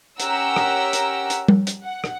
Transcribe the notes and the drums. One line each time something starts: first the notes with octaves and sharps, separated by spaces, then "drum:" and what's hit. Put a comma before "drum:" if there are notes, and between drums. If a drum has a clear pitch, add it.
C#4 G4 A#4 F#5 A#5 E6, drum: hi-hat
drum: rim click
drum: hi-hat
drum: hi-hat
drum: tom G3
drum: hi-hat
F#5
drum: rim click